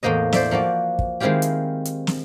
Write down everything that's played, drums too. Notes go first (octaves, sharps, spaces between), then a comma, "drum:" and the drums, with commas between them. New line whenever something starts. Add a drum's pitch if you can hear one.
E2 A2 A#3 C5 D#5
C5 D5 E5, drum: snare
F3 A#3 F#4 D5
drum: kick
D#3 G#3 C4 E4 F4 G4
drum: hi-hat
drum: hi-hat
drum: snare